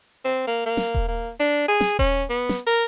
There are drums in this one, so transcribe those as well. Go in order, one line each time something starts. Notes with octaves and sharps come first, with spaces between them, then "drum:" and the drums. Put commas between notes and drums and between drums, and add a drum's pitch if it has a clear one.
C4
A#3
A#3
drum: snare
drum: kick D#1
A#3
D4
G#4
drum: snare
C#4, drum: kick D#1
B3
drum: snare
A#4